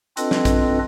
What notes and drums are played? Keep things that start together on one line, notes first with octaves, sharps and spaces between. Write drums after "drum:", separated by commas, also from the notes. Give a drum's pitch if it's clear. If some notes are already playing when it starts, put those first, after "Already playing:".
C4 D4 F4 A4 B4 D#5, drum: hi-hat
drum: snare
drum: kick, hi-hat